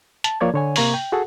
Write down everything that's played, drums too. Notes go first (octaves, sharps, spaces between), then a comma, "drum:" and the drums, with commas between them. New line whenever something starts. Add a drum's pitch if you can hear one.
A5, drum: hi-hat
F3 A#3 C#5 D5 G#6
D3 C#5 G#5
C3 A#3 A#5 C#6 G#6, drum: open hi-hat
G5
F#4 G#4 A4 F#5